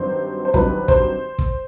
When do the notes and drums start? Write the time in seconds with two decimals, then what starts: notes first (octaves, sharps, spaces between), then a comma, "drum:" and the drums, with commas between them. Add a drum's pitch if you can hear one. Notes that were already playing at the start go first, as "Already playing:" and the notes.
Already playing: G2 D#3 F#3 C4 C5
0.45 C5
0.54 G2 D#3 F#3 C4 B4, drum: kick
0.88 C5, drum: kick
1.39 drum: kick